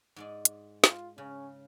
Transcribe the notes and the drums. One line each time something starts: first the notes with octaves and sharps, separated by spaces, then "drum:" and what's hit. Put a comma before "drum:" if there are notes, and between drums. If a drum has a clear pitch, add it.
G#2 G#3 D5
drum: hi-hat
F4, drum: snare
C#3 C#4